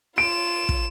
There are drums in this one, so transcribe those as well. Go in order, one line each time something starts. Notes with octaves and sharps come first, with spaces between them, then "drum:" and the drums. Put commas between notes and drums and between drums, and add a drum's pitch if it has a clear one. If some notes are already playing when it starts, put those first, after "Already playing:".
F4 D7 E7
drum: kick